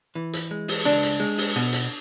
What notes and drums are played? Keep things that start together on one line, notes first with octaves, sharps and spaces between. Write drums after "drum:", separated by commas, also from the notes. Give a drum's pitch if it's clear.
E3
drum: hi-hat
G#3
drum: open hi-hat
C#2 D4
drum: hi-hat
G#3
drum: open hi-hat
B2
drum: hi-hat